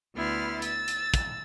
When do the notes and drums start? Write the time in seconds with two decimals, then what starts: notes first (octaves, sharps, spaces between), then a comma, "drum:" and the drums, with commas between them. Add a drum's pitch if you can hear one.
0.16 D2 B3 E4 C6 F6
0.62 E6 A6, drum: hi-hat
0.88 drum: hi-hat
1.14 drum: kick, hi-hat